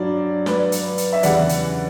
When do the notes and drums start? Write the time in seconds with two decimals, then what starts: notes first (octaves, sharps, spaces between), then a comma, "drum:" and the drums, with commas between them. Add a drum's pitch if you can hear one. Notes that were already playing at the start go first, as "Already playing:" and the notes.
Already playing: G2 F#3 D5
0.46 B4 D5, drum: snare
0.72 drum: hi-hat
0.98 drum: hi-hat
1.13 E5
1.23 E2 C#3 E3 G3 D5 F#5, drum: hi-hat
1.49 drum: hi-hat